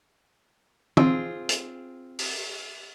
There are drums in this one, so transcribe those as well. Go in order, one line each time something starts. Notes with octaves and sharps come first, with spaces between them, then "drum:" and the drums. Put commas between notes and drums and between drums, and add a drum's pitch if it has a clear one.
C4 F4 G#4, drum: tom
drum: hi-hat
drum: open hi-hat